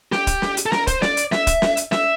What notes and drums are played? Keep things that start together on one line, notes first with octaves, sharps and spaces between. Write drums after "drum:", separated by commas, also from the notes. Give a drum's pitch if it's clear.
G4, drum: snare
drum: kick, hi-hat
drum: snare
drum: hi-hat
A4
A#4, drum: snare
C5, drum: kick, hi-hat
D5, drum: snare
drum: hi-hat
E5, drum: snare
drum: kick, hi-hat
drum: snare
drum: hi-hat
E5, drum: snare